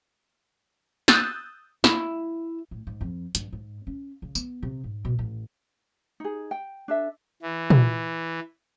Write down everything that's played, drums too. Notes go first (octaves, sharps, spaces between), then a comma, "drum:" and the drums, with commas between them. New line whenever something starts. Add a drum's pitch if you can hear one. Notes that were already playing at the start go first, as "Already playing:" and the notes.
D#6 E6 F#6 G6 A6, drum: snare
E4, drum: snare
A2
G#2
F2
G2, drum: hi-hat
G#2
C#4
C#3
B3, drum: tambourine
C3
G#2
B2
A1
D#4 G#4
G5
D4 A4 E5
E3
drum: tom A#2